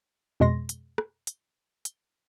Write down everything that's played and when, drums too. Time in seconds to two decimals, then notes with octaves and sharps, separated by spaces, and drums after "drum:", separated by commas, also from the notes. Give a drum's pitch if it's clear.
0.40 F2 B2 G#3 C6 A#6
0.69 drum: hi-hat
0.98 drum: rim click
1.27 drum: hi-hat
1.85 drum: hi-hat